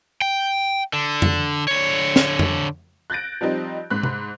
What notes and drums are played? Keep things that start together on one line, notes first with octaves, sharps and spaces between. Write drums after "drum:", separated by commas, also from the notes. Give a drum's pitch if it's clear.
G5
D3
drum: tom F2
D3 C#5
drum: snare
drum: tom F2
F#6 G6 A6 A#6 D7
F3 G3 C4 D#4
G#2 B5 F#6
drum: tom